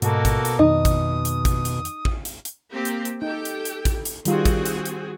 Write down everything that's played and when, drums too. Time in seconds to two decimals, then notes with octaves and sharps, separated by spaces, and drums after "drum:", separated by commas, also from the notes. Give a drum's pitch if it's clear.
0.02 G#2 B2 A#3 F#4 A4, drum: hi-hat
0.25 drum: kick, hi-hat
0.45 drum: hi-hat
0.59 F2 D#3 D#4 D#6
0.85 drum: kick, hi-hat
1.25 drum: hi-hat
1.45 drum: kick, hi-hat
1.65 drum: hi-hat
1.85 drum: hi-hat
2.05 drum: kick
2.25 drum: hi-hat
2.45 drum: hi-hat
2.70 A#3 C4 G4
2.85 drum: hi-hat
3.05 drum: hi-hat
3.22 D#4 G4 A4 G5
3.45 drum: hi-hat
3.65 drum: hi-hat
3.85 drum: kick, hi-hat
4.05 drum: hi-hat
4.25 D#3 G3 C4 F4 F#4 G#4, drum: hi-hat
4.45 drum: kick, hi-hat
4.65 drum: hi-hat
4.86 drum: hi-hat